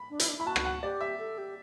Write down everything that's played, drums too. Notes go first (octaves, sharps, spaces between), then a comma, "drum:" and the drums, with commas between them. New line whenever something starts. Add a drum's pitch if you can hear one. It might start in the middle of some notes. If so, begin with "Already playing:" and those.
Already playing: B5
D4
E4, drum: hi-hat
D4
E4 B5
F#4 A5
drum: rim click
F#5
G4 D5
E5
A4
G4